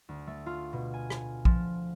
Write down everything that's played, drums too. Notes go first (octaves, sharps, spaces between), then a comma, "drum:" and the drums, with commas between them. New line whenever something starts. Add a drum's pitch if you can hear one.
D2
A3
F4
B2
G#5
drum: rim click
F3, drum: kick